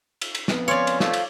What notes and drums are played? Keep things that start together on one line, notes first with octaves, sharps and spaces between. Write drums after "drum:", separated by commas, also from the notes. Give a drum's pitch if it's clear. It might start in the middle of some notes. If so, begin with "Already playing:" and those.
drum: cymbal
drum: cymbal
F2 B3, drum: snare
C#4 C#5 D5 F5 C6
drum: cymbal
F3 A3 F5, drum: snare
drum: cymbal